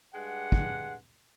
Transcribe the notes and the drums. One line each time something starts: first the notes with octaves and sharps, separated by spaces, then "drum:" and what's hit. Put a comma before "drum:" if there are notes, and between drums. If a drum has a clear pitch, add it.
G2 G#3 F#5
drum: kick